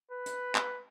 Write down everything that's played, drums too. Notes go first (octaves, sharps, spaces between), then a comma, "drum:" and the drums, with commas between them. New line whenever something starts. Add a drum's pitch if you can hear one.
B4
drum: hi-hat
drum: clap